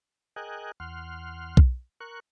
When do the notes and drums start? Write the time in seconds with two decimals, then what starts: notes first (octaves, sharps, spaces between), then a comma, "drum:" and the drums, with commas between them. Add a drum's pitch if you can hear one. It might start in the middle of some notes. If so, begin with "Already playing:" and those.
0.36 G#4 A#4 D#5 G5 G#5 F#6
0.80 E2 F#5 C6 F6
1.57 drum: kick B1
2.00 A#4 C#6 F#6